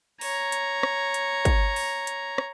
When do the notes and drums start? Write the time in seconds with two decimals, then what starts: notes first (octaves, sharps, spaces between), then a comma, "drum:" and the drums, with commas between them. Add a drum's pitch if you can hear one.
0.21 C#5 A#5, drum: open hi-hat
0.52 drum: hi-hat
0.83 drum: rim click
1.14 drum: hi-hat
1.45 drum: kick, hi-hat
1.76 drum: open hi-hat
2.07 drum: hi-hat
2.38 drum: rim click